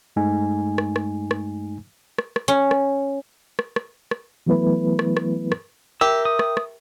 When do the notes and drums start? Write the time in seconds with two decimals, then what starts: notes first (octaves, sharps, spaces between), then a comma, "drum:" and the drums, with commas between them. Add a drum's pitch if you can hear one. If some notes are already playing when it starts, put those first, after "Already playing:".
0.16 G2 G#3 A3 D#4 G#5
0.78 drum: rim click
0.96 drum: rim click
1.31 drum: rim click
2.18 drum: rim click
2.36 drum: rim click
2.48 C#4
2.71 drum: rim click
3.59 drum: rim click
3.76 drum: rim click
4.11 drum: rim click
4.46 E3 F#3 A3 B3 E4 B4
4.99 drum: rim click
5.17 drum: rim click
5.52 drum: rim click
6.01 G4 A#4 E5 E6
6.25 D#6
6.39 drum: rim click
6.57 drum: rim click